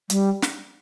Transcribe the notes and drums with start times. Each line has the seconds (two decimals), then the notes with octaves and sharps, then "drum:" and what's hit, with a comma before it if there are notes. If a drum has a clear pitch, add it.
0.10 G3, drum: hi-hat
0.42 drum: snare